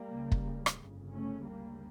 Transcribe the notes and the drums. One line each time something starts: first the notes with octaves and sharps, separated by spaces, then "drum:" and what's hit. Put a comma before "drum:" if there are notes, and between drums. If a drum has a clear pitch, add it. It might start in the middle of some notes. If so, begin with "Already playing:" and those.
Already playing: G3 A#3
C#2 C#3
drum: kick
drum: rim click
G1 F2 C#3
A3 C#4
D2 C#3 G3 A#3